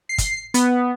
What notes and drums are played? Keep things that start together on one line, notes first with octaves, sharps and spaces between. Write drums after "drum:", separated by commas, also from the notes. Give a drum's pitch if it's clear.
C7
drum: kick, hi-hat
B3, drum: hi-hat